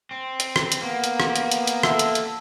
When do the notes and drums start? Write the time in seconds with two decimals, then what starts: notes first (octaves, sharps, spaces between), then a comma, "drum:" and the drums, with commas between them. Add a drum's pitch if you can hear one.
0.11 C4
0.40 drum: hi-hat
0.56 drum: rim click
0.72 drum: hi-hat
0.82 A#3 B3
1.04 drum: hi-hat
1.20 drum: rim click
1.36 drum: hi-hat
1.52 drum: hi-hat
1.67 drum: hi-hat
1.83 A4 E5, drum: rim click
1.99 drum: hi-hat
2.15 drum: hi-hat